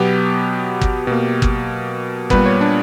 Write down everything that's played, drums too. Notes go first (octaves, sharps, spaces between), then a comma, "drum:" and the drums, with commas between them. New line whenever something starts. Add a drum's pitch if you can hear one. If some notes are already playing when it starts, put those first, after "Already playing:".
Already playing: B2 F#3 B3 G4
drum: kick
B2 A#3
drum: kick
A#2 G3 B3 B4, drum: kick
C#5
D4